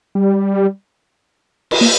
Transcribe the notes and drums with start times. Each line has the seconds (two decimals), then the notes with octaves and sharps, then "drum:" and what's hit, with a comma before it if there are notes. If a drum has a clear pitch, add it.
0.15 G3
1.71 drum: cymbal
1.81 A#3